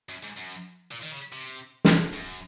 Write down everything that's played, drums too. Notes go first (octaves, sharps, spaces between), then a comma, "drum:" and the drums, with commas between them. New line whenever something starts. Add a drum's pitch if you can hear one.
F#2
G#2
F#2
A#2
D#3
C#3
C3
drum: snare
F#2